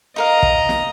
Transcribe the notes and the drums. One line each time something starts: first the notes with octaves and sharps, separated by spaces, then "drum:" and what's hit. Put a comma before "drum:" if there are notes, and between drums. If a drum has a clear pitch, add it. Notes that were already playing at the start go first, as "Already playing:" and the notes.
D#4 A#4 D#5 F5 A#5
drum: kick
drum: snare